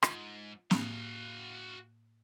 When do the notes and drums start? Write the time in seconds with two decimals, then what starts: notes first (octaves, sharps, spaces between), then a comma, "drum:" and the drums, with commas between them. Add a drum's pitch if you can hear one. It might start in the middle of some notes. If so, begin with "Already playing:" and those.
0.03 G#2 F4, drum: rim click
0.71 A2 A#3 F#4 F5, drum: snare